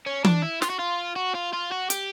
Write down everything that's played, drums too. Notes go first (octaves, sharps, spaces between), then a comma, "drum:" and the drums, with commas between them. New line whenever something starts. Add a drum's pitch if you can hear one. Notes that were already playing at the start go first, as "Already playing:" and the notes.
C#4
D4, drum: tom E3
E4
F4, drum: snare
F#4
F4
F#4
F4
F4
F#4
G4, drum: hi-hat